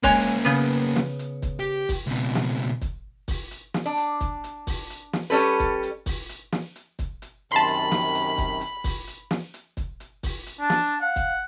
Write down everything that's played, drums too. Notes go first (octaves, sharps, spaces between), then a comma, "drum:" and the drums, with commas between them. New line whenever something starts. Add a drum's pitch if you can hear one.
G#3 A#3 C#4 C#5 G#5, drum: kick, hi-hat
drum: hi-hat
C#3 B3
drum: hi-hat
drum: snare
drum: hi-hat
drum: kick, hi-hat
G4
drum: kick, open hi-hat
C#2 B2
drum: snare
drum: hi-hat
drum: kick, hi-hat
drum: kick, open hi-hat
drum: hi-hat
drum: snare
D4
drum: hi-hat
drum: kick, hi-hat
drum: hi-hat
drum: kick, open hi-hat
drum: hi-hat
drum: snare
G3 C#4 A4 B4
drum: kick, hi-hat
drum: hi-hat
drum: kick, open hi-hat
drum: hi-hat
drum: snare
drum: hi-hat
drum: kick, hi-hat
drum: hi-hat
F#2 C3 D#3 A5 B5 C6
drum: hi-hat
drum: snare
drum: hi-hat
drum: kick, hi-hat
drum: hi-hat
drum: kick, open hi-hat
drum: hi-hat
drum: snare
drum: hi-hat
drum: kick, hi-hat
drum: hi-hat
drum: kick, open hi-hat
drum: hi-hat
D4 A5
drum: snare
F5 F#5
drum: kick, hi-hat